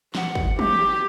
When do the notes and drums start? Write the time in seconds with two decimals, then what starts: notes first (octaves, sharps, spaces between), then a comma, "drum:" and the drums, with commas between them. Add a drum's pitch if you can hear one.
0.15 F#5, drum: snare
0.35 drum: kick
0.59 G4, drum: tom